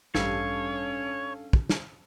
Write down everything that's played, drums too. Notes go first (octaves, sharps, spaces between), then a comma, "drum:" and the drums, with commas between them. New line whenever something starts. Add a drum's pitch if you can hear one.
A1 G2 G3 C#4 D4 A4 C#5 F5, drum: snare
drum: kick
drum: snare